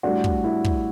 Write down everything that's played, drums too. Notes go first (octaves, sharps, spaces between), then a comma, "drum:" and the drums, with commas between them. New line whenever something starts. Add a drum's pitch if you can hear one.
A2 G3 D4 F#4
drum: kick
E4
drum: kick